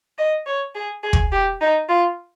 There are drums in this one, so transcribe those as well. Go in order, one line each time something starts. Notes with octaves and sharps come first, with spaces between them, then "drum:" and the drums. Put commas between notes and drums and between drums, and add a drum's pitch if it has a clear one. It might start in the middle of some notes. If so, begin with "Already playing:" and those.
D#5
C#5
G#4
G#4
drum: kick
G4
D#4
F4